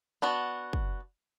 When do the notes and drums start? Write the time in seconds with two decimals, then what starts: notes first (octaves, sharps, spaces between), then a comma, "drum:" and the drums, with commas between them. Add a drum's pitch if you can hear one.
0.22 B3 D4 F#4
0.73 drum: kick